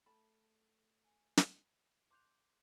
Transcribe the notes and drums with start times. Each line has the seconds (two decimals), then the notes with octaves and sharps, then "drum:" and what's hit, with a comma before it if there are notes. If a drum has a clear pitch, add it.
0.06 A3 A5 B5
1.05 G#5
1.37 drum: snare
2.11 C6 D6 F#6 G6 F7